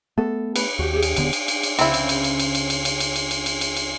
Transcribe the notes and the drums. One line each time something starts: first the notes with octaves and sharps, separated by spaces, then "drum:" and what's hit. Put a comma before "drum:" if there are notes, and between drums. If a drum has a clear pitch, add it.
A3 B3 A4
B4, drum: cymbal
D#2 F#4 G4
G4 G#4
drum: cymbal
D#1 D3 B3, drum: cymbal
drum: cymbal
drum: cymbal
drum: cymbal
C#2 C4 C#4 E4, drum: cymbal
drum: cymbal
drum: cymbal
drum: cymbal
drum: cymbal
drum: cymbal
drum: cymbal
drum: cymbal
drum: cymbal
drum: cymbal
drum: cymbal
drum: cymbal
drum: cymbal
drum: cymbal